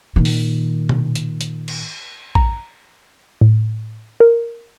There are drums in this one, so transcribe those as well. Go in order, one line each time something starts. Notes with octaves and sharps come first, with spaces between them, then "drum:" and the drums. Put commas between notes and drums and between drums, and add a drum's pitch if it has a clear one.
A#2 D#3
drum: open hi-hat
drum: tom B2
drum: hi-hat
drum: hi-hat
drum: cymbal
A#5, drum: kick
A2
A#4